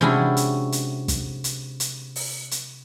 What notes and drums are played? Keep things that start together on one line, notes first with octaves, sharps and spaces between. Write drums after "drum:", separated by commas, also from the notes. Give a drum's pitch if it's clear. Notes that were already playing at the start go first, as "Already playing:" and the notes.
C3 G#3 C#4 D4 E4 F#4
drum: hi-hat
drum: hi-hat
drum: kick, hi-hat
drum: hi-hat
drum: hi-hat
drum: open hi-hat
drum: hi-hat